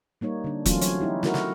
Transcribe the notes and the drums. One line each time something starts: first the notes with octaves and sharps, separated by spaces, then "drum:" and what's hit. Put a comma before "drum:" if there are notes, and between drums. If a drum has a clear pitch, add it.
G3 A#3 D#4 C#5
D3 D4
E3 F#3 A3 C4 C#4 F4, drum: kick E1, hi-hat
F#3 C#5, drum: hi-hat
B3 D#4 E4 G4
A3 D#4 E4 F#4 A#4, drum: snare
drum: snare